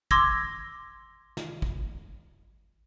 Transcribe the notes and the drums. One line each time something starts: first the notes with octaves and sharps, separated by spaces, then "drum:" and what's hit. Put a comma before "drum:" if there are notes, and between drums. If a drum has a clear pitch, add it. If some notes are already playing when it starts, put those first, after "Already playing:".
C6 D6 E6 G#6 A#6, drum: kick
drum: snare
drum: kick